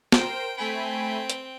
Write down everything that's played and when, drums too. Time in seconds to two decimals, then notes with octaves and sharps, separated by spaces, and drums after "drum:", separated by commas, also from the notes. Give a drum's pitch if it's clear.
0.12 A#4 C5 G5, drum: snare
0.57 A3 C4 G5 G#5 B5
1.30 drum: hi-hat